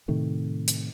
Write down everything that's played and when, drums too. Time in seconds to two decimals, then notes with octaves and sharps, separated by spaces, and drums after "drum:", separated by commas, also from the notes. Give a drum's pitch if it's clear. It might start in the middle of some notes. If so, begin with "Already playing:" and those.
0.08 A2 C3 D#3 A3
0.68 drum: hi-hat